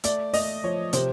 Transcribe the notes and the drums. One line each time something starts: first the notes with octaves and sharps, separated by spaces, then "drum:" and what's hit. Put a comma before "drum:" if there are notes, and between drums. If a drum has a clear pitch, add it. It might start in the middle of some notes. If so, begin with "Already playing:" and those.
A3 D5, drum: hi-hat
A3 D#5, drum: open hi-hat
F3 C#5
C3 C5, drum: hi-hat